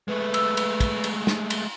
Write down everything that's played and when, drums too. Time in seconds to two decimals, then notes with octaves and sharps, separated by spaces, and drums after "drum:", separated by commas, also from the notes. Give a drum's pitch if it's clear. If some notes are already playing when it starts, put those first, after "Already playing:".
0.08 G#3 A3 B4
0.34 E6, drum: cymbal
0.57 drum: cymbal
0.80 drum: kick, cymbal
1.04 drum: cymbal
1.27 drum: snare
1.50 drum: cymbal